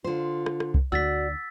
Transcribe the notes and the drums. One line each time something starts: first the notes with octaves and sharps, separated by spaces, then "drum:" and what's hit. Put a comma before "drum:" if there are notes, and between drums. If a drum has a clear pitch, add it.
D3 F4 C5
drum: rim click
drum: rim click
drum: kick C2
D2 F#4 D5 E6 A6 B6